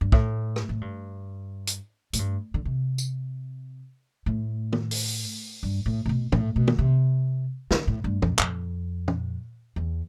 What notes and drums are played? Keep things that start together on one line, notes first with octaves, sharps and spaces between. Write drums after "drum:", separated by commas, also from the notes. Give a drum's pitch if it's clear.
G2
A2, drum: kick
drum: rim click
A2
G2
drum: hi-hat
A2, drum: hi-hat
G2
D3
C3
drum: tambourine
A2
drum: tom
drum: open hi-hat
G2
A2
C3
B2
A2, drum: tom
B2
drum: tom
C3
D3, drum: snare
A2
G2
F2, drum: tom
F2, drum: clap
drum: tom
E2